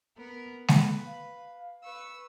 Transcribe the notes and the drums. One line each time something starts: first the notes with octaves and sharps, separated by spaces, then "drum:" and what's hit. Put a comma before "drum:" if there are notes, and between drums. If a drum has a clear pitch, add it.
B3 A#4
A4 B4, drum: snare
F5
B4 C#6 E6